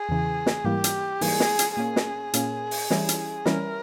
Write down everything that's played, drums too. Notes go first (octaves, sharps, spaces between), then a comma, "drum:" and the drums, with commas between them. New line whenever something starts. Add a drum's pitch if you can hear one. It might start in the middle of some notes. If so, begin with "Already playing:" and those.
Already playing: G#4
E2 C#3 E3
drum: snare
G#2 E3 G3 A#3 G4
drum: hi-hat
G#2 E3 G3 A#3 G#4, drum: open hi-hat
drum: snare
drum: hi-hat
A#2 A#3 C#4 G#4
drum: snare
A#2 A#3 C#4, drum: hi-hat
drum: open hi-hat
E3 G3 C#4 E4, drum: snare
drum: hi-hat
E3 G3 C#4 E4 A#4, drum: snare